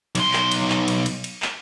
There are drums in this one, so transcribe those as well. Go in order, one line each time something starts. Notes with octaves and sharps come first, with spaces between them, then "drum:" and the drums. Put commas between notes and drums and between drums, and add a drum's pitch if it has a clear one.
B1 C6, drum: cymbal
drum: clap
drum: cymbal
drum: clap
drum: cymbal
drum: cymbal
drum: cymbal
drum: clap